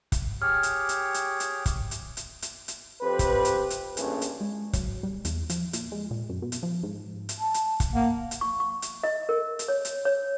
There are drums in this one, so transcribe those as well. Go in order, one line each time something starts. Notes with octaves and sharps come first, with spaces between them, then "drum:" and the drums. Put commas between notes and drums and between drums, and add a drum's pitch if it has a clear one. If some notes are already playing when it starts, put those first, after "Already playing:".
drum: kick, hi-hat
G4 G#4 C#5 F6
drum: hi-hat
drum: hi-hat
drum: hi-hat
drum: hi-hat
drum: kick, hi-hat
drum: hi-hat
drum: hi-hat
drum: hi-hat
drum: hi-hat
F2 C4 G4 B4
drum: kick, hi-hat
drum: hi-hat
drum: hi-hat
A1 G2 A#2 C#4 G#4, drum: hi-hat
drum: hi-hat
G#3
F#3, drum: kick, hi-hat
G3
E2, drum: hi-hat
F3, drum: hi-hat
A#2, drum: hi-hat
G#3
A#2
F#2
B2
drum: hi-hat
F3
G#2
drum: hi-hat
A5
drum: hi-hat
drum: kick, hi-hat
A#3 F#5
drum: hi-hat
C#6
C#6
drum: hi-hat
D#5
A#4
drum: hi-hat
C#5
drum: hi-hat
C#5